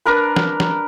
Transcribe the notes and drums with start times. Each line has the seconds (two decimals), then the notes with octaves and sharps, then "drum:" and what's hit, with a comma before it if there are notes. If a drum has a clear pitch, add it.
0.06 D4 A#4 B4
0.36 drum: snare
0.60 drum: snare